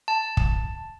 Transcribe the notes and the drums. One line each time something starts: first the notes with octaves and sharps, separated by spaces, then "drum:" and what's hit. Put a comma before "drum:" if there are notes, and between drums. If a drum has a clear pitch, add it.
A5
drum: kick